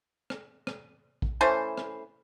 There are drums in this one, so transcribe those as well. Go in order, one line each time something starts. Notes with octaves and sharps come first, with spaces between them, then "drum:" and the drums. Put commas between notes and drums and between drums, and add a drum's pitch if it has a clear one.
drum: rim click
drum: rim click
drum: kick
E3 A3 C#4 C5
drum: rim click